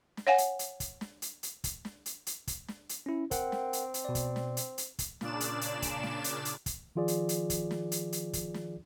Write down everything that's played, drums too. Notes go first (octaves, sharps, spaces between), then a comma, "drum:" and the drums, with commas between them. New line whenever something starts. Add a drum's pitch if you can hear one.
drum: snare
C#5 F5 F#5 G#5
drum: hi-hat
drum: hi-hat
drum: kick, hi-hat
drum: snare
drum: hi-hat
drum: hi-hat
drum: kick, hi-hat
drum: snare
drum: hi-hat
drum: hi-hat
drum: kick, hi-hat
drum: snare
drum: hi-hat
C#4 E4
C4 A#4 F#5 G5, drum: kick, hi-hat
drum: snare
drum: hi-hat
drum: hi-hat
B2 D5
drum: kick, hi-hat
drum: snare
drum: hi-hat
drum: hi-hat
drum: kick, hi-hat
A#2 C#3 D4 D5 E7, drum: snare
drum: hi-hat
drum: hi-hat
drum: kick, hi-hat
drum: snare
drum: hi-hat
drum: hi-hat
drum: kick, hi-hat
D#3 F3 F4 G#4 D5
drum: hi-hat
drum: hi-hat
drum: kick, hi-hat
drum: snare
drum: hi-hat
drum: hi-hat
drum: kick, hi-hat
drum: snare